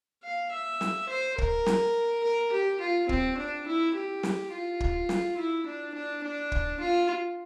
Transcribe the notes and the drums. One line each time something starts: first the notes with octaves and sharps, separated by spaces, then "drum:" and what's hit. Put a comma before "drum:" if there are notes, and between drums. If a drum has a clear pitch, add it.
F5
E5
drum: snare
C5
A#4, drum: kick
drum: snare
A#4
G4
F4
C4, drum: kick
D4
E4
G4
drum: snare
F4
drum: kick
drum: snare
E4
D4
D4
D4
drum: kick
F4